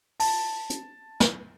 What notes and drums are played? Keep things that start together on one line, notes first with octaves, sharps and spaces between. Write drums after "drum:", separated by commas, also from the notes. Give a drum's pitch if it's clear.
A5, drum: open hi-hat
drum: hi-hat
drum: snare